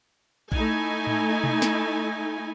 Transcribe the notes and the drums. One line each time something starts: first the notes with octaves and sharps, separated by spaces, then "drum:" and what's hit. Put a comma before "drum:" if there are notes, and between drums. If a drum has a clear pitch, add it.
A3 D#4 E4 G#5, drum: kick A#1
drum: tom A2
drum: tom B2
drum: snare